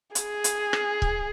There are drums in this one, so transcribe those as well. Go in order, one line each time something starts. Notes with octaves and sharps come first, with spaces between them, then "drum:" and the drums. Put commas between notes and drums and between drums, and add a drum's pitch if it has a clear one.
G#4, drum: hi-hat
drum: hi-hat
drum: rim click
drum: kick